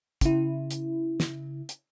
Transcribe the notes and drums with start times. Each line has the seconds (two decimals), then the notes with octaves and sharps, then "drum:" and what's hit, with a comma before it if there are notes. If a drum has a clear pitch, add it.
0.21 C#3 E4, drum: kick, hi-hat
0.71 drum: hi-hat
1.20 drum: snare
1.69 drum: hi-hat